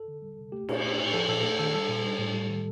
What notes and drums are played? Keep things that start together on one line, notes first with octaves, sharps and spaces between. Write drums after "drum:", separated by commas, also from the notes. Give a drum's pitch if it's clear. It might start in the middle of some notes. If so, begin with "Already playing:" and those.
Already playing: A4
D3
G3
C3
A3 G4
A#2, drum: cymbal
A3
A2
F3 A4
A#2 A4
A3 A4
D#3 A4
G3 A4
A#2
G3
A2
G3
D#3